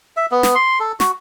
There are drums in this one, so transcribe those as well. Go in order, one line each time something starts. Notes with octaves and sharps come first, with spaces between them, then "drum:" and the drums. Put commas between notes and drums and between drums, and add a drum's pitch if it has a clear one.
E5
B3
drum: snare
C6
A4
F#4, drum: snare